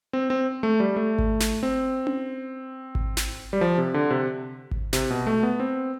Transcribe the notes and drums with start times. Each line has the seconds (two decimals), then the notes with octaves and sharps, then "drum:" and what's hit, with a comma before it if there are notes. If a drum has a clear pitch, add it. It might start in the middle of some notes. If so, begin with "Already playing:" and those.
0.13 C4
0.30 C4
0.63 A3
0.80 G3
0.96 A3
1.19 drum: kick G#1
1.41 drum: snare
1.63 C4
2.07 drum: tom C#4
2.95 drum: kick G#1
3.17 drum: snare
3.53 G3
3.61 F3
3.78 C3
3.94 D3
4.10 C3
4.71 drum: kick G#1
4.93 C3, drum: snare
5.11 B2
5.27 A3
5.43 B3
5.60 C4